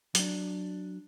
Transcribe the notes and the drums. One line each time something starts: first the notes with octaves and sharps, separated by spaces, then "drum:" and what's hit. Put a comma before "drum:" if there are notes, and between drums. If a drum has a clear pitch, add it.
F#3 D4, drum: hi-hat